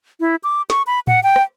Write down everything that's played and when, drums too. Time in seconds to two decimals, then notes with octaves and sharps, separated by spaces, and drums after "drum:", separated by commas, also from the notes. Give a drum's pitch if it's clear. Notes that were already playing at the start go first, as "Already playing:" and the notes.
0.20 E4
0.44 D6
0.70 C#6, drum: snare
0.87 B5
1.07 F#5, drum: tom A2
1.23 G5
1.36 drum: rim click